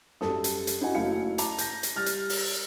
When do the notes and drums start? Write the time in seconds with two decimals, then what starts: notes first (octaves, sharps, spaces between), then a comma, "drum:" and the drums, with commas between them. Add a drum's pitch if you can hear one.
0.21 F#2 G3 A4 D#6, drum: snare
0.44 drum: hi-hat
0.67 drum: hi-hat
0.81 D#4 E4 F#4 F#5 G#5
0.95 F#1 F#3 A3 E4 F5 C#7
1.38 A5 A#5 D6 F7, drum: hi-hat
1.58 G6 A#6, drum: hi-hat
1.83 drum: hi-hat
1.96 G3 F6 A6
2.06 drum: hi-hat
2.29 drum: open hi-hat